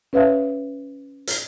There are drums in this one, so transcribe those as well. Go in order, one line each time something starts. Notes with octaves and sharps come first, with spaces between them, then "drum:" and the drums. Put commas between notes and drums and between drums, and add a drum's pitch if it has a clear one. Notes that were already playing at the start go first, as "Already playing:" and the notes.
C#4 B4 C#5 E5 F5
drum: hi-hat